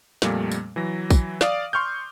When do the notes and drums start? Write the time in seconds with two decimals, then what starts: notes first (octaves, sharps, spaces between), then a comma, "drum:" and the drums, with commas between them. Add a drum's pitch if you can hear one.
0.22 F2 A#2 G3 A3 A#3, drum: snare
0.51 drum: tambourine
0.76 E3 F#3 A#6
1.10 drum: kick, tambourine
1.41 D5 F5 D6 D#6, drum: snare
1.73 C6 C#6 F6 G6